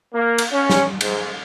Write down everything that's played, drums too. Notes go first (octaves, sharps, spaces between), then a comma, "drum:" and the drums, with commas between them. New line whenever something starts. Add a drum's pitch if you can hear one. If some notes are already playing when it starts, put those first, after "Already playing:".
A#3
drum: cymbal
C#4
drum: snare
G#2, drum: cymbal